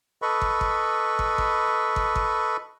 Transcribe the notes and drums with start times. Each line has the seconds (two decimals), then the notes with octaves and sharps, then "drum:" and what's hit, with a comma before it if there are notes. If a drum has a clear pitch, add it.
0.22 A4 B4 D#5 B5 C#6
0.42 drum: kick
0.61 drum: kick
1.19 drum: kick
1.38 drum: kick
1.96 drum: kick
2.16 drum: kick